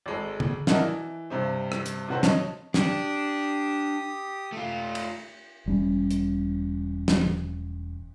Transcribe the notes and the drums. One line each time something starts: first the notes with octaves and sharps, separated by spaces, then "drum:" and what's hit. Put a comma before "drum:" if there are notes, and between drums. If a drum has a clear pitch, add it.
G#1 G#3 A4
drum: tom
E4 F#4 A#4 D5 D#5 A5, drum: snare
E3
G2 C3 C4
drum: rim click
drum: hi-hat
C3 D#3 F#4 A4 B4 C5
C#5 D#5 A5, drum: snare
D4 G4 D#6, drum: snare
A3 F4
drum: cymbal
E1 G3 C#4
drum: hi-hat
drum: snare
drum: tom